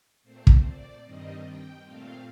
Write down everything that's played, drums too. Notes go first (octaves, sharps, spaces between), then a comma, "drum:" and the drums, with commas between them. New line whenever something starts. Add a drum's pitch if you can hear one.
A#2 A3 C4 C5
drum: kick
D5
G2 D#3 G3 C4 D#5
G5
A#2 A3 C4 F5